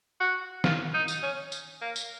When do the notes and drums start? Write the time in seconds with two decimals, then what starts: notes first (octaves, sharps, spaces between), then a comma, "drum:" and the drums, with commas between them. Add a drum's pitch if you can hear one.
0.20 F#4
0.64 F4, drum: snare
0.94 D#4
1.08 drum: tambourine
1.23 C#4
1.52 drum: tambourine
1.81 A#3
1.96 drum: tambourine